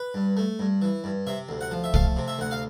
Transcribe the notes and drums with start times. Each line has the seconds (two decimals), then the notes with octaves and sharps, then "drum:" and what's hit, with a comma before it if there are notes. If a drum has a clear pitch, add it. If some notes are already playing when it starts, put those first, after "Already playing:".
Already playing: B4
0.14 G2
0.37 A3
0.59 G2
0.82 E3
1.04 G2
1.27 C3 E5
1.49 D2
1.61 F#5
1.71 F3
1.84 E5
1.94 A3 F5, drum: kick
2.17 C3
2.28 E5
2.39 D2 F#5
2.51 F5